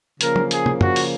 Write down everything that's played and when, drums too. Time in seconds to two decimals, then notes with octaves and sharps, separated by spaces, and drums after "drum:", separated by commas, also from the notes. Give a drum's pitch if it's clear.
0.21 C#3 F3 A#3 A#4, drum: hi-hat
0.36 drum: tom
0.51 G#4, drum: hi-hat
0.66 drum: tom
0.81 F#4, drum: tom
0.96 drum: open hi-hat